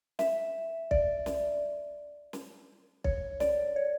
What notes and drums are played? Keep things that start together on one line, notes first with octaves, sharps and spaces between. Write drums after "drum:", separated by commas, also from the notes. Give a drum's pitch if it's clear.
E5, drum: snare
D5, drum: kick B1
drum: snare
drum: snare
C#5, drum: kick B1
D5, drum: snare
C#5